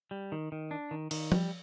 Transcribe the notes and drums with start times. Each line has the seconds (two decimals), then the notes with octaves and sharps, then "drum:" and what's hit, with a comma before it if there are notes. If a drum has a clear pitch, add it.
0.11 G3
0.32 D#3
0.52 D#3
0.71 D4
0.91 D#3
1.11 D#3, drum: cymbal
1.32 G3, drum: tom F3